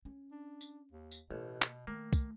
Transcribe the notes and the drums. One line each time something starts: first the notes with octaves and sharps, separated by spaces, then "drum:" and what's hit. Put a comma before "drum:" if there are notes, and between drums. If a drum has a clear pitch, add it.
C#4
D4
drum: tambourine
D#2
drum: tambourine
A1 B2 A#3
drum: clap
D#3 A3 A#3
drum: kick, tambourine